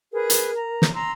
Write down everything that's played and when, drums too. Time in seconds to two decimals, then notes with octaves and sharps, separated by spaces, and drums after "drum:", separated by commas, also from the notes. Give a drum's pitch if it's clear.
0.12 G#4 A#4 B4
0.30 drum: hi-hat
0.55 A#5
0.82 drum: snare
0.94 A#5 C6 E6